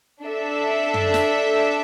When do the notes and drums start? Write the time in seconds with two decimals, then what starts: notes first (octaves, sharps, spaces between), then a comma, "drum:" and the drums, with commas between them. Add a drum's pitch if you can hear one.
0.22 D4 A4 E5
0.94 drum: tom
1.14 drum: snare